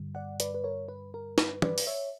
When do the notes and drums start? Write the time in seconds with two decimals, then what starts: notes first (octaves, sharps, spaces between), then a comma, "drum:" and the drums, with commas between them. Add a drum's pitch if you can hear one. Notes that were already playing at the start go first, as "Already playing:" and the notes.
Already playing: G2 D3 G3
0.15 D5 F#5
0.40 B4 D5, drum: hi-hat
0.54 B4
0.64 A#4 C#5
0.88 B4
1.14 A#4
1.38 B4, drum: snare
1.62 B4 D5, drum: tom
1.78 drum: open hi-hat
1.87 C#5 E5